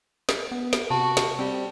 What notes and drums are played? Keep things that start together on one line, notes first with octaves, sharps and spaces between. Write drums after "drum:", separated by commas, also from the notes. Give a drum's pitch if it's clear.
drum: snare
B3
drum: snare
C3 F#4 A5
drum: snare
G3 C4